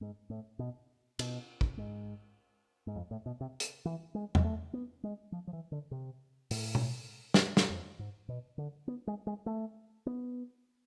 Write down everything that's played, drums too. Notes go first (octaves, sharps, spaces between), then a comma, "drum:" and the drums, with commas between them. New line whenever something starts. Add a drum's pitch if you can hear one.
G#2
A2
B2
B2, drum: cymbal
drum: kick
G#2
G#2
F2
A2
B2
C3
drum: hi-hat
E3
G#3
G#3, drum: tom E2
A3
B3
G#3
F3
F3
E3
D3
C3
A2, drum: open hi-hat
drum: tom B2
drum: snare
drum: snare
F2
G#2
B2
D3
B3
G#3
G#3
A3
B3